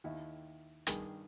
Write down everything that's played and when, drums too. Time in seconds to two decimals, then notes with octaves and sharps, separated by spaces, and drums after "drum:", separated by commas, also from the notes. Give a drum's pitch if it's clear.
0.04 D#2 D#3 E4
0.87 G2 D#3 G#4, drum: hi-hat